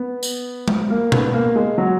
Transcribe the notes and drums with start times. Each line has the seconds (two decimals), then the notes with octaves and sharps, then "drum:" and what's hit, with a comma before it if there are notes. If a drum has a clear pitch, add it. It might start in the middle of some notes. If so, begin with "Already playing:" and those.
Already playing: B3
0.23 drum: tambourine
0.68 drum: tom G#3
0.90 A#3
1.12 B3, drum: tom B2
1.34 A#3
1.56 G#3
1.78 F#3